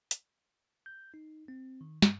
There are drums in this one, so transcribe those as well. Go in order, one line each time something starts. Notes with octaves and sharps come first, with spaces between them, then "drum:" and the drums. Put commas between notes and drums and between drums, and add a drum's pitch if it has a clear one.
drum: hi-hat
G6
D#4
C4
D#3
G2, drum: snare